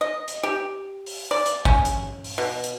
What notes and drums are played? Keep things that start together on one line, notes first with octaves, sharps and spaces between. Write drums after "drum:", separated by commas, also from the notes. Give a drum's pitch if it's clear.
D#5
drum: hi-hat
G4
drum: open hi-hat
D5
drum: hi-hat
C#4, drum: kick
drum: hi-hat
drum: open hi-hat
B2
drum: hi-hat